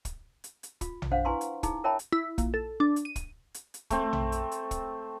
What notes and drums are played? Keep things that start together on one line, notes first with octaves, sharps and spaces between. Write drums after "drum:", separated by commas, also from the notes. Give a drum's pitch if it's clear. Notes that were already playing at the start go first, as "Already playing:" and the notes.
drum: kick, hi-hat
drum: hi-hat
drum: hi-hat
F4, drum: kick, hi-hat
drum: tom A#1
D4 C5 F5 F#5
E4 B4 G#5 A#5 C6 C#6
drum: hi-hat
D#4 E4 G#4 A#5, drum: kick, hi-hat
A#4 C#5 E5 G5 A5 B5
drum: hi-hat
E4
A#1, drum: kick, hi-hat
A4
D4
drum: hi-hat
D#7
drum: kick, hi-hat
drum: hi-hat
drum: hi-hat
A3 C4, drum: kick, hi-hat
drum: tom A#1
drum: hi-hat
drum: hi-hat
drum: kick, hi-hat